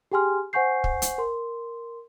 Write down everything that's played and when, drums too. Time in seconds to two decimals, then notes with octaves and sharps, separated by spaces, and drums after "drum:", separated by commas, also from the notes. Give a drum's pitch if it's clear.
0.12 G4 G#4 G5 G#5 C6 F6
0.53 C5 F#5 G#5 C#6 G6 C7
0.84 drum: kick
1.02 drum: hi-hat
1.18 A#4 C6